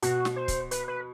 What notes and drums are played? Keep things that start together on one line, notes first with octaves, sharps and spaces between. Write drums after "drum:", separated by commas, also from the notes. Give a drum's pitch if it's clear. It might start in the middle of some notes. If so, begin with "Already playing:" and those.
B2 F#4, drum: hi-hat
drum: snare
C5
drum: kick, hi-hat
B4, drum: hi-hat
B4